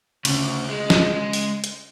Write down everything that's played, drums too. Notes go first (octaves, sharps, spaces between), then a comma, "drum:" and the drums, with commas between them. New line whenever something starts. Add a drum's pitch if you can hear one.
D2 C#3 C#4, drum: cymbal
G#3
drum: snare
drum: open hi-hat
drum: hi-hat